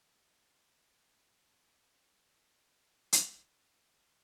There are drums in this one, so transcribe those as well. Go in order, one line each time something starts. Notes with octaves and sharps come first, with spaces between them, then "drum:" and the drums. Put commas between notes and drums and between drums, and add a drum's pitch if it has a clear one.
G#5
A#4
G#3
G5
C4
E5
G4
drum: hi-hat
F3